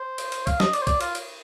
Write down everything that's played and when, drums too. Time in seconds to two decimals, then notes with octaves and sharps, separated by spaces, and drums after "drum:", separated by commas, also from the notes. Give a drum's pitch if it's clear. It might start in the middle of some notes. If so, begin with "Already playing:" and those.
Already playing: C5
0.18 drum: cymbal
0.32 drum: cymbal
0.47 F5, drum: kick, cymbal
0.60 D#5, drum: snare
0.73 D5, drum: cymbal
0.82 C5
0.87 D5, drum: kick, cymbal
1.01 F4, drum: cymbal
1.15 drum: cymbal